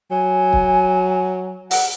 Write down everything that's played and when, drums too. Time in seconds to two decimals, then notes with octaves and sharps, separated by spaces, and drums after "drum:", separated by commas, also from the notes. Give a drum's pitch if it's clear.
0.11 F#3 G#5
0.53 drum: kick
1.71 F#5, drum: open hi-hat